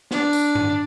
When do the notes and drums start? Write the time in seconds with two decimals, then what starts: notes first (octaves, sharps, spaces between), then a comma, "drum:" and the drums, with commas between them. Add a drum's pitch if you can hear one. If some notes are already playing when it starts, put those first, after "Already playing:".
0.11 D4, drum: snare
0.33 drum: tambourine
0.55 drum: tom G2